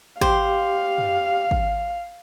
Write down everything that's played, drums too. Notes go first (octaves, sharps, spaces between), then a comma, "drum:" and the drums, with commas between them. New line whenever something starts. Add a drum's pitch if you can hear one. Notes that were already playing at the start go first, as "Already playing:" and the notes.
G4 C5 F5, drum: kick G#1
drum: tom
drum: kick G#1